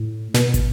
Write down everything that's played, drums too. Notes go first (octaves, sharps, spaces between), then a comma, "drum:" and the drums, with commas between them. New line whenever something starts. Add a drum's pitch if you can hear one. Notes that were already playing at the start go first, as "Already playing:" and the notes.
Already playing: A2
B2, drum: snare
drum: kick, hi-hat